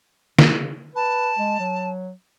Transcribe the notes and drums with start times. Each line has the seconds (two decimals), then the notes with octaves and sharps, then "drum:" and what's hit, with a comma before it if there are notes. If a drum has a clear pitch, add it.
0.39 C#3, drum: snare
0.95 B4 A5
1.39 G#3
1.60 F#3